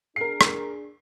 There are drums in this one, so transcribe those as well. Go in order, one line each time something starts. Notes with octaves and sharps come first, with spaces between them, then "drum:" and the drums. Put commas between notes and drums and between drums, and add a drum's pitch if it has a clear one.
D4 G#4 A#4 C7
drum: rim click